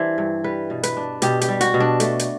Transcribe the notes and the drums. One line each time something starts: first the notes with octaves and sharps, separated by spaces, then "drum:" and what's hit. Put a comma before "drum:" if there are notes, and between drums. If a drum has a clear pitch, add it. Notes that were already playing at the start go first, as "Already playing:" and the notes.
Already playing: E3 G3 D4 C5 D5 E5
G2
G3 B4
B2
B4, drum: hi-hat
D4
B2 G4, drum: hi-hat
G4, drum: hi-hat
G3
F#4, drum: hi-hat
B2
D4
A3, drum: hi-hat
drum: hi-hat